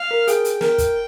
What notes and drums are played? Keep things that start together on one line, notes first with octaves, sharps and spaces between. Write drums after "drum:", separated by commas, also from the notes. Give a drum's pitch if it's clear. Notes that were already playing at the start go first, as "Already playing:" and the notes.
Already playing: F5
A#4
G#4 G5, drum: hi-hat
drum: hi-hat
A#4, drum: snare
drum: kick, hi-hat